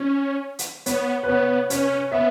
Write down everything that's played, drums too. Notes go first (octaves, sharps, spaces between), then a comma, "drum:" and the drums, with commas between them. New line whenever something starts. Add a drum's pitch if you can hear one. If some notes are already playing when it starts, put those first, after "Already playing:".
Already playing: C#4
drum: hi-hat
B3 C#5, drum: hi-hat
B4
B3 C#5
C#4 C#5, drum: hi-hat
B3 E5